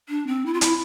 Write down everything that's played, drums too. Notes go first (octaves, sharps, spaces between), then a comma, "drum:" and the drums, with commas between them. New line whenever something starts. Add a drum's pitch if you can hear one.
D4
C4
E4
F4
E4, drum: hi-hat